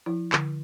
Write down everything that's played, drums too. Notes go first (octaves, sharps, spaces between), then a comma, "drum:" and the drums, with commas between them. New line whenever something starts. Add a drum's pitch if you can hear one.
F3 E4
D3, drum: clap